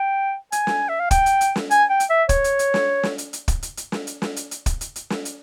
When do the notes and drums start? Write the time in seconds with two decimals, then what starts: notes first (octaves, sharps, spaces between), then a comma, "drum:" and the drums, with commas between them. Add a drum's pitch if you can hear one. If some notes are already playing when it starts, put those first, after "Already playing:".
Already playing: G5
0.52 G#5, drum: hi-hat
0.67 drum: snare
0.89 E5
1.00 F5
1.11 G5, drum: kick, hi-hat
1.26 drum: hi-hat
1.41 drum: hi-hat
1.56 drum: snare
1.71 G#5, drum: hi-hat
1.90 G5
2.00 drum: hi-hat
2.10 E5
2.29 C#5, drum: kick, hi-hat
2.44 drum: hi-hat
2.59 drum: hi-hat
2.74 drum: snare
3.03 drum: snare
3.18 drum: hi-hat
3.33 drum: hi-hat
3.48 drum: kick, hi-hat
3.63 drum: hi-hat
3.77 drum: hi-hat
3.92 drum: snare
4.07 drum: hi-hat
4.22 drum: snare
4.36 drum: hi-hat
4.51 drum: hi-hat
4.66 drum: kick, hi-hat
4.81 drum: hi-hat
4.96 drum: hi-hat
5.10 drum: snare
5.25 drum: hi-hat